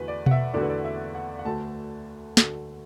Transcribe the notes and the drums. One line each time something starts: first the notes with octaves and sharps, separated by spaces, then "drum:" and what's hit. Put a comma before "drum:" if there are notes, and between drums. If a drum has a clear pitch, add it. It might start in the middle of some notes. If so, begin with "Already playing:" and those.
Already playing: E2 D3 A3 F#4 B4
D5
F#5, drum: tom B2
E5
E2 D3 A3 F#4 D5
B4
D5
E5
F#5
F#5
D2 D3 A3 F#4 A5
D2 D3 A3 F#4, drum: snare